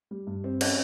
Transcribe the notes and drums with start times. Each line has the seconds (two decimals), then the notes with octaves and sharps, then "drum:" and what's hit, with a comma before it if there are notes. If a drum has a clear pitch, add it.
0.11 G3
0.27 G2
0.44 C4
0.61 C#4, drum: cymbal